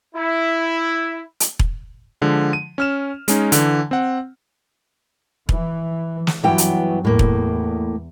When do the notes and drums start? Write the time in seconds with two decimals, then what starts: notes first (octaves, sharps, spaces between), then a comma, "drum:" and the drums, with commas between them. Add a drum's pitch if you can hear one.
0.15 E4
1.40 drum: hi-hat
1.59 drum: kick E1
2.22 D3 F3 G#3
2.53 D#7
2.78 C#4 F6 E7
3.28 G#3 C#4 D#4, drum: hi-hat
3.52 D3 E3, drum: hi-hat
3.91 C4 F#5
5.49 E3, drum: kick E1
6.27 drum: snare
6.44 G2 E3 F#3 B3 G5
6.58 drum: hi-hat
7.05 E2 A2 A#3
7.19 drum: kick E1